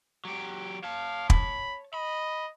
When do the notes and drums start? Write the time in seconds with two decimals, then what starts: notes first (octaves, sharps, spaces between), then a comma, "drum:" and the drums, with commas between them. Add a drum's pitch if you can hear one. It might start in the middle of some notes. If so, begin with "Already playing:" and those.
0.25 F#3 G4
0.84 C#5 F5 A5
1.30 B5, drum: kick
1.94 D#5 B5